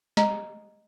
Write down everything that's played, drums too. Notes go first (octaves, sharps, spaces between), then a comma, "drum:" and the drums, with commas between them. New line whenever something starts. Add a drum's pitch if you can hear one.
D#5 A#5, drum: snare